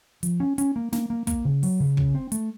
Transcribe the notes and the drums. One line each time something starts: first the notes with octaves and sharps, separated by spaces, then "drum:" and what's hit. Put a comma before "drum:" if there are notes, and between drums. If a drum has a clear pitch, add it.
F3, drum: hi-hat
C#4
C#4, drum: hi-hat
A#3
A#3, drum: snare
A#3
A#3, drum: kick, hi-hat
C#3
F#3, drum: open hi-hat
C#3
C#3, drum: kick
C4
A3, drum: hi-hat